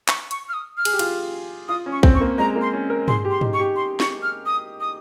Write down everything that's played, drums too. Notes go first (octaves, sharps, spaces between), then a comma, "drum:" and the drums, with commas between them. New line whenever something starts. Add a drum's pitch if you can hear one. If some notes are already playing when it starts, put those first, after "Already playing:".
C#6, drum: clap
C#6, drum: hi-hat
F6
D#6
F6
G#4, drum: cymbal
G4
F4, drum: cymbal
F4 D#6
C#4
C#6
C4, drum: kick A#1
C#6
A#3
G#3 A#5
A#3
C6
C#4
A#4
G#4 C6, drum: tom
G4
C6
D#4, drum: tom
C#6
G4
C6
C#6, drum: snare
F6
D#6
D#6